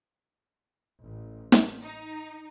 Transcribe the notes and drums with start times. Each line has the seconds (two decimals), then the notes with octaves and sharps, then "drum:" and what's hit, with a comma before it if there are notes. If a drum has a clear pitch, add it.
1.01 A1
1.52 drum: snare
1.82 D#4